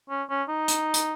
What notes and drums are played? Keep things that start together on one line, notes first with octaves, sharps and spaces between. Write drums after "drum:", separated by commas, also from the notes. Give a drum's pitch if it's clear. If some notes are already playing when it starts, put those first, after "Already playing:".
C#4
C#4
D#4
drum: hi-hat
drum: hi-hat